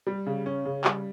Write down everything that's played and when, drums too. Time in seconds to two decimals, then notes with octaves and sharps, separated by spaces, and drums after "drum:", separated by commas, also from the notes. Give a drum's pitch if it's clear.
0.07 G3
0.26 C#3
0.46 C#4
0.65 C#3
0.84 G3, drum: clap